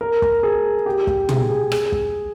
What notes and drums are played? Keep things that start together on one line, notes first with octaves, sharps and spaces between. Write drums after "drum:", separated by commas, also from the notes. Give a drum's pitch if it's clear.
A#4
drum: kick
G#4
G4
drum: kick
G#4, drum: tom
G#4
G#4, drum: rim click
drum: kick